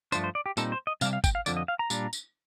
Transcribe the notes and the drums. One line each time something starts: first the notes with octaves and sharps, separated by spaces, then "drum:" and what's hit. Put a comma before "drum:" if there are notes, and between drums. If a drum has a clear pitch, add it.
G2 F3 A3 D4 C5, drum: tambourine
C5
D5
G4
A#2 G3 C4 D#4 A4, drum: tambourine
C5
D#5
C3 G3 D4 F5, drum: tambourine
F5
G5, drum: kick, tambourine
F5
F2 D3 F3 D5, drum: tambourine
D#5
F5
A#5
A#2 G3 D4, drum: tambourine
drum: tambourine